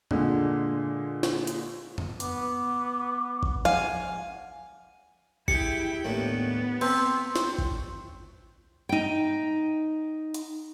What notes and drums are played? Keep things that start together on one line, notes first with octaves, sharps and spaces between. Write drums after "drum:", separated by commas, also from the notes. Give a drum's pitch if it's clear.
A#2 D3 G#3, drum: tom F2
drum: snare
drum: hi-hat
drum: tom F2
B3 D6, drum: hi-hat
drum: kick
F5 F#5 G#5, drum: tom F3
E4 G4 G#4 G5 C6 C#7, drum: kick
D#2 A2 B3 D4
C4 B4, drum: cymbal
drum: snare
drum: kick
D#4 G5
drum: hi-hat